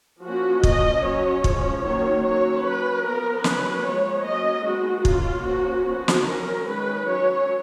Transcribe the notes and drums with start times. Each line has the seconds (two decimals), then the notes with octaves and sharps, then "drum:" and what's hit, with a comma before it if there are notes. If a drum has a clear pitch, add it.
0.23 F3 A#3 C#4 F#4
0.63 F3 A#3 C#4 D#5, drum: kick
1.03 F#3 C#4 C#5
1.44 F3 G#3 C#4, drum: kick
1.84 D#3 F#3 A#3 C#4 C#5
2.24 F#3 A#3 C#4 C#5
2.64 F#3 C#4 B4
3.04 F3 B3 A#4
3.44 F#3 A#3 C#4 B4, drum: snare
3.84 F3 G#3 B3 C#5
4.25 F#3 A#3 C#4 D#5
4.65 D#3 G#3 B3 F#4
5.05 F#3 A#3 C#4 F4, drum: kick
5.45 F3 A#3 C#4 F#4
5.85 F3 B3 F#4
6.08 drum: snare
6.25 F#3 C#4 A#4
6.65 D#3 G#3 C#4 B4
7.06 F#3 C#4 C#5